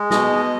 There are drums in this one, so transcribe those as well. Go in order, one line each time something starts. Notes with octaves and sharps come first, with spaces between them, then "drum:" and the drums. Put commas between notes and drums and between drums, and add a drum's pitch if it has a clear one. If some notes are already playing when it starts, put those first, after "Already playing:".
Already playing: G#3
B2 D#5, drum: snare